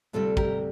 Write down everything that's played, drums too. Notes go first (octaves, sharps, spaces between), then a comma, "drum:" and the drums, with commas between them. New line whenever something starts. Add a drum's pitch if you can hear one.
D2 C3 G3 F4 A4
G4 A#4, drum: kick